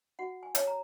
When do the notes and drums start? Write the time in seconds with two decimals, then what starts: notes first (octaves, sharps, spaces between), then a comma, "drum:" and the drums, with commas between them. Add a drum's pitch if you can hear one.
0.19 F#4 F#5
0.43 G#5
0.55 C#5, drum: hi-hat
0.67 A#5